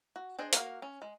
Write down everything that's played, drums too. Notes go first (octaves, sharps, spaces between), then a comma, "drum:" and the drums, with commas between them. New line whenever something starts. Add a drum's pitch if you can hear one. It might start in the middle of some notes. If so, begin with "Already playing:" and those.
F#4
D4 G#4 C5 D5 D#5
A#3 F#4 A#4 F5, drum: hi-hat
C#4
G#3